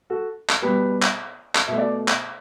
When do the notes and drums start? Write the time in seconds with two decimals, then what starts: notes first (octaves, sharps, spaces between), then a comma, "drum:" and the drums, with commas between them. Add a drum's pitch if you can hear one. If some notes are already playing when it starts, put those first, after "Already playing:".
0.10 F#4 A4
0.49 drum: clap
0.62 B2 G3 B3 G4 B4
1.02 drum: clap
1.55 drum: clap
1.68 B2 A3 E5
1.78 D5
2.08 drum: clap